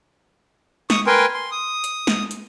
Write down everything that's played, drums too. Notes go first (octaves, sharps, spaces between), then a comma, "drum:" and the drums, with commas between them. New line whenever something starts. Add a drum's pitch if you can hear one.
C#6 D#6, drum: snare
A#4 B4 G5 G#5 C6
C6
D#6
drum: hi-hat
drum: snare
drum: hi-hat